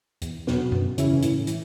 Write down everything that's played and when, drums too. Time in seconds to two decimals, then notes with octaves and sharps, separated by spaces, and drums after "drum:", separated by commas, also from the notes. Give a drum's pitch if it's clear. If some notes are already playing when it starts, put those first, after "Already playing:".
0.22 E2, drum: hi-hat
0.47 B2 F#3 B3, drum: snare
0.72 F#2, drum: tom E2
0.98 C#3 E3 C#4 E4, drum: hi-hat
1.22 A2, drum: hi-hat
1.47 E3, drum: hi-hat